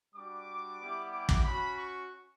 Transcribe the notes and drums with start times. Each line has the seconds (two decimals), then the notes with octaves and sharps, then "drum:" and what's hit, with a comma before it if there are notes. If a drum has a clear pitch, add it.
0.15 G3 D4 F#4 D6
0.80 G3 B3 E4 G4
1.12 D6
1.29 drum: kick
1.44 C#4 F#4 B5
1.77 C#6